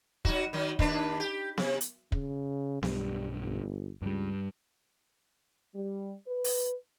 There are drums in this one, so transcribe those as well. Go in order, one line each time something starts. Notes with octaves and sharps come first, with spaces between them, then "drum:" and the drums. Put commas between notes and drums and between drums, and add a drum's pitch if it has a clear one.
F#3 D#4 F#4, drum: kick
D#3 F#3
D#2 D4 B4, drum: kick
G4
C3, drum: snare B3
drum: hi-hat
C#3, drum: kick
B1 G2 G3, drum: snare B3
G1
C#2 G2 G3
G3
B4
drum: open hi-hat